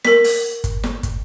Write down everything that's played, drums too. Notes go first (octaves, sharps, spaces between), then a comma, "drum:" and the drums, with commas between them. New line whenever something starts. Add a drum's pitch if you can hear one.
A#4 B6, drum: snare
drum: open hi-hat
drum: kick, hi-hat
drum: snare
drum: kick, hi-hat